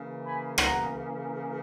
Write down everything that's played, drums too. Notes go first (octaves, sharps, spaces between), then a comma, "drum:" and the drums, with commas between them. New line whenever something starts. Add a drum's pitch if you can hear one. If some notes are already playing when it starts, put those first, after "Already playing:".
Already playing: C#3 E3 A#3
G#5 B5
F#5 A#5, drum: rim click